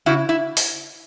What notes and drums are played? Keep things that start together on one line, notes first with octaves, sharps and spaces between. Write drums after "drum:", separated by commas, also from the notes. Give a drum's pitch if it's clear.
C#3 E4 F#4
E4
drum: open hi-hat